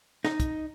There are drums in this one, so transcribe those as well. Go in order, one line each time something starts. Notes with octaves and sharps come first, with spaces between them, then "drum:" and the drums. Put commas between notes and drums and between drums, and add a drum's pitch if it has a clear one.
D#4, drum: snare
drum: kick, hi-hat